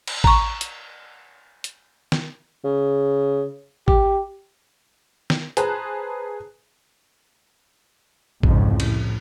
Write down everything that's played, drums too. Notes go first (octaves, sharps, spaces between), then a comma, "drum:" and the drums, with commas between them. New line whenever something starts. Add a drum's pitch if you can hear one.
drum: cymbal
A#5 C#6, drum: kick A1
drum: hi-hat
drum: hi-hat
drum: snare
C#3
G4, drum: kick A1
drum: snare
G#4 B4 C5 A5 A#5 F#6, drum: hi-hat
C2 F2 G#2 C#3, drum: kick A1
A2, drum: cymbal